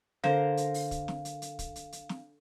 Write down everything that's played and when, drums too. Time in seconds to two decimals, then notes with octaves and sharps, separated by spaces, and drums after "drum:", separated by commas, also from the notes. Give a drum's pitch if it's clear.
0.24 D3 A#4 C5 F5, drum: snare
0.57 drum: hi-hat
0.74 drum: open hi-hat
0.91 drum: kick, hi-hat
1.08 drum: snare
1.25 drum: hi-hat
1.42 drum: hi-hat
1.59 drum: kick, hi-hat
1.76 drum: hi-hat
1.92 drum: hi-hat
2.09 drum: snare